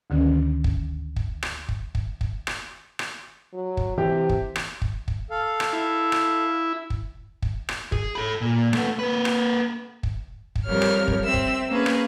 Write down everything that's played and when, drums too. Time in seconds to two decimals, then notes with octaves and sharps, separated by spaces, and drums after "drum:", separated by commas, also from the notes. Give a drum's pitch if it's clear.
0.10 D2 D3 D#3 C#4
0.64 drum: kick
1.16 drum: kick
1.43 drum: rim click
1.69 drum: kick
1.95 drum: kick
2.21 drum: kick
2.47 drum: rim click
2.99 drum: rim click
3.54 F#3
3.77 drum: kick
3.98 C3 E3 G4
4.29 drum: kick
4.56 drum: rim click
4.82 drum: kick
5.08 drum: kick
5.31 A4 F5
5.60 drum: rim click
5.73 E4
6.12 drum: rim click
6.90 drum: kick
7.42 drum: kick
7.69 drum: rim click
7.92 G#4, drum: kick
8.15 A4 B5
8.41 A#2
8.73 A3 B3, drum: rim click
8.99 A#3 B4
9.25 drum: rim click
10.03 drum: kick
10.56 drum: kick
10.65 F2 G3 A#4 C#5 F6
10.82 drum: rim click
11.08 drum: kick
11.24 C4 E5 E6
11.34 drum: kick
11.69 A#3 C#4 G#4 B4
11.86 drum: rim click